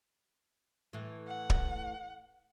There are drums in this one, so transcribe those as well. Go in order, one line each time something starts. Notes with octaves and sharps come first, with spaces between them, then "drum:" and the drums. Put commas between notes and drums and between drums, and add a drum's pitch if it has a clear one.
A2 E3
F#5
drum: kick